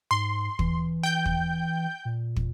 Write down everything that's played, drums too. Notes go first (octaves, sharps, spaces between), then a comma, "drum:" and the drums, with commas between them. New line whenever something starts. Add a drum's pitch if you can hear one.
G#2 C6
E3, drum: kick
G5 G6
drum: kick
A#2
drum: kick